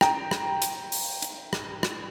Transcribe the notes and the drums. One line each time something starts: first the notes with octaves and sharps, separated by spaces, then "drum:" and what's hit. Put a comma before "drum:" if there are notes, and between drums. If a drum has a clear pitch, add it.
G5 A#5, drum: rim click
drum: rim click
drum: hi-hat
drum: open hi-hat
drum: hi-hat
drum: rim click
drum: rim click